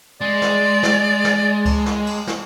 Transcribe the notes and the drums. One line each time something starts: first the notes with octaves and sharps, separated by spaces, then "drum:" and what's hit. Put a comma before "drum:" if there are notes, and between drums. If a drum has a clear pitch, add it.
G#3 D5
drum: snare
drum: snare
drum: snare
drum: kick C#2, cymbal
drum: snare
drum: cymbal
drum: snare